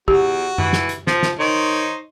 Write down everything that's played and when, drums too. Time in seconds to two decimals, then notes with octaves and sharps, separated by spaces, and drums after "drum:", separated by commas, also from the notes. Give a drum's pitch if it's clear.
0.08 E2 F#4 G4, drum: kick
0.58 E3, drum: tom F#2
0.73 drum: snare
0.89 drum: hi-hat
1.07 F3, drum: snare
1.23 drum: snare
1.39 D#3 D#4 C5 C#5